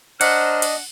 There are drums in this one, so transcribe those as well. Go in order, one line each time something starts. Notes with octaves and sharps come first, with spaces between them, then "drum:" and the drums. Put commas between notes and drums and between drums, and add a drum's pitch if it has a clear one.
D4 C5 D#5 F#5 A#5 F6, drum: cymbal
drum: cymbal